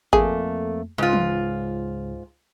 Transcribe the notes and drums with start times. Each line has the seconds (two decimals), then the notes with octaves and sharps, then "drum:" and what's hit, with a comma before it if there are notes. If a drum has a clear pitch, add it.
0.13 F2 A3 A#3 G#4, drum: kick G#1
0.98 C#2 G#2 F4
1.13 drum: tom